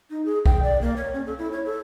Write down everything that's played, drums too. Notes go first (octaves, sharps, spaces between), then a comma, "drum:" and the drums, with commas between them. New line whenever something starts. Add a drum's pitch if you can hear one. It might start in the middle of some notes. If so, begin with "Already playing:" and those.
D#4
G#4
G5, drum: kick B1
D5
A#3
C#5
C#4
A4
E4
C#5
A4